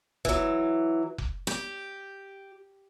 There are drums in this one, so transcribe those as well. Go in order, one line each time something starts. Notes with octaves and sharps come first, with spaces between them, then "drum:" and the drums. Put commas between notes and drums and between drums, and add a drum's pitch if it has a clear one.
E3 F#3, drum: kick F1
drum: kick F1
G4, drum: rim click